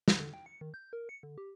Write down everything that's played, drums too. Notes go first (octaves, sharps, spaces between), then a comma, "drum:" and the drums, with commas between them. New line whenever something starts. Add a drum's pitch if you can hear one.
F3, drum: snare
D3
G5
C#7
D#3
G6
A#4
C#7
D3
G4